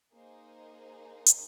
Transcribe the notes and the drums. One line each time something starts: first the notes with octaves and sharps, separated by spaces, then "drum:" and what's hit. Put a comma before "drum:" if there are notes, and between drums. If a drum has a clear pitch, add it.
A#3 D#4 G#4 C5
drum: hi-hat